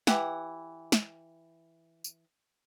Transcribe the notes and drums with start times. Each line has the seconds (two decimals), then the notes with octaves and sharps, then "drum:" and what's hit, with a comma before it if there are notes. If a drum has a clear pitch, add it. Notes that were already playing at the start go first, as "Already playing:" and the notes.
0.07 E3 G4 F#5, drum: snare
0.92 drum: snare
2.04 drum: tambourine